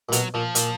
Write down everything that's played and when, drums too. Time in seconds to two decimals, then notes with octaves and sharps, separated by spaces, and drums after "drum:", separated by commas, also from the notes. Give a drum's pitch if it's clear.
0.09 A#2
0.12 B2 F#3, drum: hi-hat
0.34 A#2 F3
0.55 A#2, drum: hi-hat